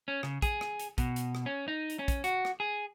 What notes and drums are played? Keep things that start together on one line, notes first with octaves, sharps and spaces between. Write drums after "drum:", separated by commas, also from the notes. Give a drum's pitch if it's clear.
C#4
C#3, drum: rim click
G#4, drum: kick, hi-hat
drum: rim click
drum: hi-hat
B2, drum: kick, hi-hat
drum: hi-hat
drum: rim click
C#4
D#4
drum: hi-hat
C#4
drum: kick, hi-hat
F#4, drum: hi-hat
drum: rim click
G#4